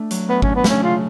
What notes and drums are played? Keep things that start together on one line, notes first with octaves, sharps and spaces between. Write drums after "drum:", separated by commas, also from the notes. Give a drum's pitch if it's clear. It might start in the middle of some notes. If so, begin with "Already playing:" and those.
Already playing: A3 D4
F#3, drum: hi-hat
A2 B3
C#4 D4, drum: kick G#1
B3
A3 C#4, drum: snare
C#3 F4